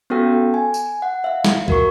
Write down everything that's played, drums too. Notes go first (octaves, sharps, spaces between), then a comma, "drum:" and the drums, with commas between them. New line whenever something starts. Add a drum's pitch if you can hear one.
B3 C#4 F#4 A4 G5 E6
G#5
drum: tambourine
F#5
E5 F5
drum: snare
F#4 A#4 C#6, drum: kick